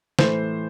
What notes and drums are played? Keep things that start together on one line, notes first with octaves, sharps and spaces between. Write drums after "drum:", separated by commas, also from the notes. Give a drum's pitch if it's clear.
A2 E3 A3 C5, drum: snare